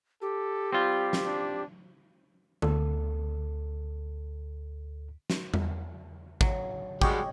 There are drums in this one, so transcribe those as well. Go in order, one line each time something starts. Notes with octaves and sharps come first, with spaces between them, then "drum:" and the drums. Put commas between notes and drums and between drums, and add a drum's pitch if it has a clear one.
G4 A4
G3 C4 F4
drum: snare
D4
D2 A4, drum: tom D3
drum: snare
drum: tom E2
F#3, drum: kick
G3 G#3 F#4 G4 C#5 D#5, drum: kick